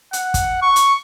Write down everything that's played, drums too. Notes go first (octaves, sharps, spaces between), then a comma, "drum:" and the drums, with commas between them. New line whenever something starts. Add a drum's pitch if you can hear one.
F#5, drum: hi-hat
drum: kick, hi-hat
C#6
drum: hi-hat